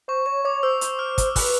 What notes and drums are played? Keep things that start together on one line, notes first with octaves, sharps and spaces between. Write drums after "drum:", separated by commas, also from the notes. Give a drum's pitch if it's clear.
C5 C#6
C#5 C#6
C#5 D6
C5 E6
drum: hi-hat
F6
drum: kick, hi-hat
B4 E6, drum: kick, open hi-hat